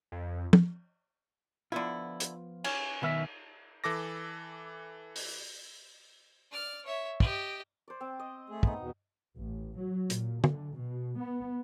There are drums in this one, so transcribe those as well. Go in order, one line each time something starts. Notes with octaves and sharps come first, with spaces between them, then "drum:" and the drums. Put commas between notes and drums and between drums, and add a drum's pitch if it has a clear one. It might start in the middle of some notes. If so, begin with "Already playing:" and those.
F2
drum: tom
D3 F3 B3 E4 F4
drum: hi-hat
C#4, drum: cymbal
B1 D#3 B3 E5
E3 A4 D6 A#6
drum: open hi-hat
D5 F6
C#5 E5
G4 D#5, drum: kick
C5 D5
C4
D#5
A3 G#4
B3 D#4, drum: kick
E2 B2
A1
F#3
A#2, drum: hi-hat
D3, drum: tom
B2
B3